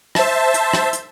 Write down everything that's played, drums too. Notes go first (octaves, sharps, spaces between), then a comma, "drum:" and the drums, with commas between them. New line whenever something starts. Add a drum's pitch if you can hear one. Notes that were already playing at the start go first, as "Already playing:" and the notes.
C5 E5 A5, drum: rim click
drum: hi-hat
drum: rim click
drum: hi-hat